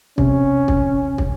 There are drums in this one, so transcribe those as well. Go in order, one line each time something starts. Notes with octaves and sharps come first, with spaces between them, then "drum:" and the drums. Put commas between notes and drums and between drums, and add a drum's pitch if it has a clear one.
C3 C#4, drum: kick
drum: kick
drum: kick